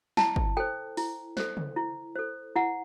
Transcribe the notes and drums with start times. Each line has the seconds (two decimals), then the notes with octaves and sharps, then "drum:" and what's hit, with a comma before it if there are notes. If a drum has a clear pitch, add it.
0.17 E4 A5, drum: snare
0.36 drum: kick
0.57 A4 C5 G5
0.97 E4, drum: open hi-hat
1.37 A4 C5, drum: snare
1.57 drum: tom C#3
1.76 E4
2.16 A4 C5
2.56 E4 F#5